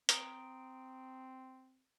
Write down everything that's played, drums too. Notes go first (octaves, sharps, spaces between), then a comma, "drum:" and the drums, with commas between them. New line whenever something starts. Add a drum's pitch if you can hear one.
C4 A#5 D#6 D7, drum: hi-hat